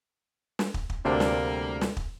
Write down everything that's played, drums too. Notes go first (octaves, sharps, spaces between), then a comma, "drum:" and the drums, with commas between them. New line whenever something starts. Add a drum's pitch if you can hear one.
drum: snare
drum: kick
drum: kick
D2 C3 G3 A#3 D4
drum: snare
drum: snare
drum: kick